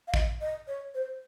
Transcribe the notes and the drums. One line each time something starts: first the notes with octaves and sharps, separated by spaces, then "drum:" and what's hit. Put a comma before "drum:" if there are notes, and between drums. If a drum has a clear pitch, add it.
F5
D#5, drum: kick
D#5
C#5
C5